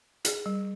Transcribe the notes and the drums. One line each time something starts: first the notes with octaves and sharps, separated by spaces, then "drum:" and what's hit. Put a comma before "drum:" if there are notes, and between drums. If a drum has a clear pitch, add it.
G#4, drum: hi-hat
G3